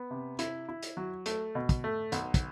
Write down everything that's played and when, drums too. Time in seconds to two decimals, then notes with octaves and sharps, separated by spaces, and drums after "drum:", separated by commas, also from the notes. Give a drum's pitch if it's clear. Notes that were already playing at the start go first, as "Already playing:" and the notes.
Already playing: B3
0.11 C3
0.39 E4, drum: hi-hat
0.69 E4
0.83 drum: hi-hat
0.97 F#3
1.26 A3, drum: hi-hat
1.55 B2
1.69 drum: kick, hi-hat
1.84 A3
2.12 B1, drum: hi-hat
2.34 drum: kick, hi-hat